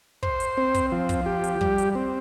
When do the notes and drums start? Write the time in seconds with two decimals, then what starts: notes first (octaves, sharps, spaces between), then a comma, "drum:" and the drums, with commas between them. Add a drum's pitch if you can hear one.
0.23 C5, drum: kick
0.40 drum: hi-hat
0.57 C4
0.74 drum: kick, hi-hat
0.92 F3
1.09 drum: kick, hi-hat
1.26 G4
1.44 drum: hi-hat
1.61 G3, drum: kick
1.78 drum: hi-hat
1.95 C4